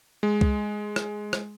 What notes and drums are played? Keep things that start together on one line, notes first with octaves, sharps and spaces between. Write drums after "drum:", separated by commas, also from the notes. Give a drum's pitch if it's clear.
G#3
drum: kick C2
drum: rim click
drum: rim click